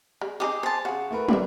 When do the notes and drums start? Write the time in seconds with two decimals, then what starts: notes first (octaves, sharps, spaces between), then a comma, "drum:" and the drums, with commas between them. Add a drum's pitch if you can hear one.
0.21 G3 G#3
0.40 G3 D#4 G4 G#4 D#5
0.63 C5 G#5 A5 C6
0.85 C#3 F#4 G#4
1.11 A3 A#4 B4
1.28 G3 D5 E5, drum: tom